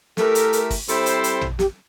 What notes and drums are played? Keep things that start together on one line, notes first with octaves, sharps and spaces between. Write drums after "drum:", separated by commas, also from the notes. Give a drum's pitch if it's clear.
A3 E4 G4 A4 A#4, drum: snare
drum: hi-hat
drum: hi-hat
drum: kick, open hi-hat
G3 C4 E4 A4 C5, drum: hi-hat
drum: hi-hat
drum: hi-hat
drum: tom
G4, drum: snare